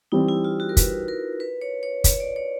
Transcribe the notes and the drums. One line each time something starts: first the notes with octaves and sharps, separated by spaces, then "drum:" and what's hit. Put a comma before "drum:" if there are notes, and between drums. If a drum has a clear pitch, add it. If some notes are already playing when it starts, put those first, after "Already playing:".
E3 G3 C4 D#4
E4
F4
F#4
A#4
B4, drum: kick, hi-hat
A#4
B4
C#5
C#5
C#5, drum: kick, hi-hat
D5
C#5